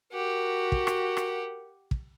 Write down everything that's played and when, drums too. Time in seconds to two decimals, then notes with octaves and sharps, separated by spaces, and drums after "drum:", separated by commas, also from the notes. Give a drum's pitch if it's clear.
0.12 F#4 G4 A#4 F#5
0.72 drum: kick
0.87 drum: rim click
1.17 drum: rim click
1.91 drum: kick